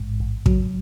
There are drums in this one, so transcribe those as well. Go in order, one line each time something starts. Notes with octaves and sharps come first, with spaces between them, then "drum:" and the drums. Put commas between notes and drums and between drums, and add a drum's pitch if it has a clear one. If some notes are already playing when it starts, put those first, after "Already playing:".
Already playing: A1 G#2
A1
F#3, drum: kick